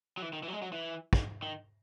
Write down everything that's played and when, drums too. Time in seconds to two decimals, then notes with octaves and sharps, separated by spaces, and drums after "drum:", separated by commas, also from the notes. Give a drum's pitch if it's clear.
0.17 F#3
0.22 E3
0.33 D#3
0.43 E3
0.48 F#3
0.53 G#3
0.62 F#3
0.73 E3
1.13 drum: kick
1.43 D#3